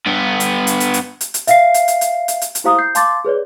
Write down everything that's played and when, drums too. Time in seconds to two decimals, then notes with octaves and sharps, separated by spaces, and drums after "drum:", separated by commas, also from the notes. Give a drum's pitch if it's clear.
0.06 G2 B3
0.40 drum: hi-hat
0.67 drum: hi-hat
0.80 drum: hi-hat
0.94 drum: hi-hat
1.21 drum: hi-hat
1.34 drum: hi-hat
1.47 E5 F5 C7, drum: hi-hat
1.74 drum: hi-hat
1.88 drum: hi-hat
2.01 drum: hi-hat
2.28 drum: hi-hat
2.41 drum: hi-hat
2.55 drum: hi-hat
2.64 E4 G4 C5 F5 A#5 D#6
2.79 G6 C7
2.95 F5 A5 C6 D6 A6, drum: hi-hat
3.25 G#4 B4 C#5 D5